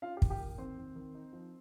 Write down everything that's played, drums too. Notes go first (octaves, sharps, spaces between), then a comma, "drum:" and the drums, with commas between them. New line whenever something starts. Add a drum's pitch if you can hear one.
C#4 F4 F5
G4 G5
D#3, drum: kick
G4 G5
A#3
D#3 C4 C5
D#3
D#3
D#4
F3